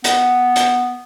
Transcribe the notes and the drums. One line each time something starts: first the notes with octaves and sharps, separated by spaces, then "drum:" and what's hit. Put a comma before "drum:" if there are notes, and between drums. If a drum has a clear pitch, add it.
B3, drum: hi-hat
drum: hi-hat